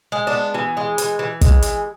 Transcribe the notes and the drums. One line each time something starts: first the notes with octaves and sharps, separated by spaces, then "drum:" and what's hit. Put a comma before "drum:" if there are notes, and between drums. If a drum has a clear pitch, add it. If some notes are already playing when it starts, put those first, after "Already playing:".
G#3
D4
B3
E3
G#3
E3, drum: hi-hat
E3
G#3, drum: kick, hi-hat
E3, drum: hi-hat